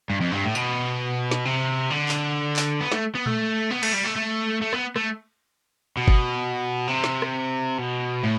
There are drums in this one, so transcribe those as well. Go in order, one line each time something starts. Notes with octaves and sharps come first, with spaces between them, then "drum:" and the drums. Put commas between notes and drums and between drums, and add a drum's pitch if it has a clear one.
G2
F2
G2
A2
B2, drum: tambourine
drum: snare
C3
D3
drum: clap
drum: clap
B3
A3, drum: snare
B3
A3, drum: tom A#2
B3
A3, drum: cymbal
G3
A3
A3
A3
B3, drum: rim click
A3, drum: rim click
B2
drum: kick G1
C3
drum: snare
drum: rim click
B2
A2